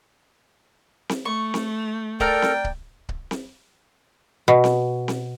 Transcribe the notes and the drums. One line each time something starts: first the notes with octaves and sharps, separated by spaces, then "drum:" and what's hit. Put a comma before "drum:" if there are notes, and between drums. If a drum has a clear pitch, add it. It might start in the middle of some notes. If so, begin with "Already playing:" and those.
drum: snare C4
A3 C#6
drum: snare C4
A4 A#4 D5 G5 A#5 F6, drum: kick C#1
drum: snare C4
drum: kick C#1
drum: kick C#1
drum: snare C4
B2
drum: snare C4
drum: snare C4